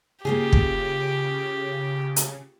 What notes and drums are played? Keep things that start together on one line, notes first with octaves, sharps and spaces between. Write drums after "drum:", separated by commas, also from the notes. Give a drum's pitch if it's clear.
C#3 A#3 F4 G4 G#4
drum: kick
drum: hi-hat